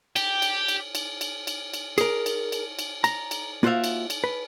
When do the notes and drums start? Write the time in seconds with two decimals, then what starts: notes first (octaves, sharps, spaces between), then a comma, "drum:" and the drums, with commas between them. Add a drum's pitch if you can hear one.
0.16 G4, drum: cymbal
0.42 drum: cymbal
0.68 drum: cymbal
0.95 drum: cymbal
1.21 drum: cymbal
1.47 drum: cymbal
1.74 drum: cymbal
1.98 G#4 A#4, drum: cymbal
2.26 drum: cymbal
2.52 drum: cymbal
2.79 drum: cymbal
3.04 A#5, drum: cymbal
3.31 drum: cymbal
3.63 A#3 F4 F#4 C5 E5 F5
3.84 drum: cymbal
4.10 drum: cymbal
4.24 B4